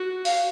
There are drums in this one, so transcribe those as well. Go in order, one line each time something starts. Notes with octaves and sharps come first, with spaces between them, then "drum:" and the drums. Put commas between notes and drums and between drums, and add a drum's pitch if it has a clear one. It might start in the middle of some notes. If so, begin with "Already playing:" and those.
Already playing: F#4
F5, drum: open hi-hat